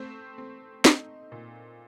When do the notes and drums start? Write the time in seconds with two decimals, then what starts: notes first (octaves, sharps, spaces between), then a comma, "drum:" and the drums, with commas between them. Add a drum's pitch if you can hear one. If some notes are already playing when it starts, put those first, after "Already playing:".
Already playing: A3 C4 C5
0.38 C4
0.85 D#4, drum: snare
1.32 A#2